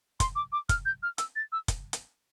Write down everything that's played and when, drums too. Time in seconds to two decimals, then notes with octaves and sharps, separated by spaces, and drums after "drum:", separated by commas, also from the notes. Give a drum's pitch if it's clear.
0.20 C6, drum: kick, hi-hat
0.36 D6
0.52 D6
0.69 F6, drum: kick, hi-hat
0.86 G6
1.03 F6
1.18 E6, drum: hi-hat
1.36 A6
1.52 E6
1.68 drum: kick, hi-hat
1.93 drum: hi-hat